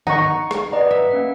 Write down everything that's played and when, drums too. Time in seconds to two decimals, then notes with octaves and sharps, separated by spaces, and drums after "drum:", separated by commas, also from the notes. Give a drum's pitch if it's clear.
0.07 D#4 F#5 C#6, drum: tom
0.51 drum: rim click
0.72 B4 D5 D#5 F#5 A#5
0.91 E5
1.11 A#3 C#4 F#5